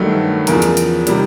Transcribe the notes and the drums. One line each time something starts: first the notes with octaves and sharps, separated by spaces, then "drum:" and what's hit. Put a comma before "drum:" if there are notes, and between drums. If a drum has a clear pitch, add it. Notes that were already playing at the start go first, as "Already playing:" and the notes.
Already playing: G2 D#3 F#3 A3
E2 C#3 F3 A#4, drum: hi-hat
drum: hi-hat
drum: hi-hat
C3 D#3 G3, drum: hi-hat